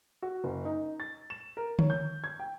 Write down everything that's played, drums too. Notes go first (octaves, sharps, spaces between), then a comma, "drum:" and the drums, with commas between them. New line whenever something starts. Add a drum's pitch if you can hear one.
F#4
F#1
D#4
A6
E7
A#4
C#5, drum: tom D3
G6
G#6
G5